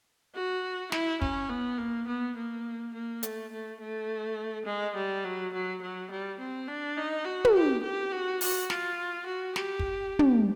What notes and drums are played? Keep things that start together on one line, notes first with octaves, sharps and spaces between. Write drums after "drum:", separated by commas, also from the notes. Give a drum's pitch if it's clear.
F#4
E4, drum: snare
C#4, drum: kick
B3
A#3
B3
A#3
A#3
A3, drum: hi-hat
A3
A3
G#3
G3
F#3
F#3
F#3
G3
C4
D4
D#4
F#4
drum: tom
G4
G4
F#4
F#4, drum: open hi-hat
F4, drum: snare
F#4
G4, drum: snare
drum: kick
drum: tom